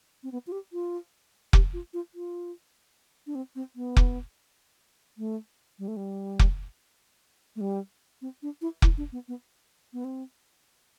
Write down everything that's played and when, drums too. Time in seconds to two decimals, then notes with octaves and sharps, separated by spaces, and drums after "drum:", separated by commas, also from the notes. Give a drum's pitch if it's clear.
0.23 C4
0.32 B3
0.47 F4
0.52 G4
0.73 F4
1.53 G4, drum: kick F1
1.73 F4
1.94 F4
2.15 F4
3.27 D4
3.35 C4
3.55 C4
3.76 B3
3.97 drum: kick F1
5.18 A3
5.79 G3
5.88 A3
5.97 G3
6.39 drum: kick F1
7.56 A3
7.61 G3
8.22 C4
8.42 D4
8.62 E4
8.82 E4, drum: kick F1
8.97 D4
9.12 B3
9.28 B3
9.93 B3
10.04 C4